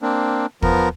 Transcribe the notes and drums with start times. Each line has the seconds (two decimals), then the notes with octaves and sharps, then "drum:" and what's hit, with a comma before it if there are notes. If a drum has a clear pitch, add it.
0.02 A#3 C4 D4
0.62 F3 B3 A#4, drum: kick